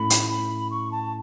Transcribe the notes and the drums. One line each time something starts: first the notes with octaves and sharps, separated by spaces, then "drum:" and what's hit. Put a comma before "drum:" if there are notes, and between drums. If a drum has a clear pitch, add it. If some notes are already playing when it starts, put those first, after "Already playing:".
Already playing: A2 A3 C#4 E4 B5
drum: hi-hat
B5
C#6
A5